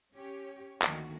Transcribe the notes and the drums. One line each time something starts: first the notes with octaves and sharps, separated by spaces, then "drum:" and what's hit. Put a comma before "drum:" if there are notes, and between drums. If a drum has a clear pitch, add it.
C#4 G4 C#5
D2 D#3 F3 A3 A#3 F#4, drum: clap